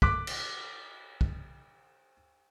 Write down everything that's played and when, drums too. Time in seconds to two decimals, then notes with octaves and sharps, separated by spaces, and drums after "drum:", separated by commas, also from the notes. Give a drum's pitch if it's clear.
0.02 D6 F#6 B6, drum: kick
0.27 drum: cymbal
1.21 drum: kick